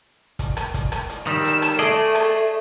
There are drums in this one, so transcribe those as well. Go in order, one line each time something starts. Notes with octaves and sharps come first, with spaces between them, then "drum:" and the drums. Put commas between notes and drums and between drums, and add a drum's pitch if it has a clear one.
drum: kick, hi-hat
drum: rim click
drum: kick, hi-hat
drum: rim click
drum: hi-hat
D#3 G3 E6
drum: hi-hat
drum: rim click
A3 G#4 D5 D#5, drum: hi-hat
drum: rim click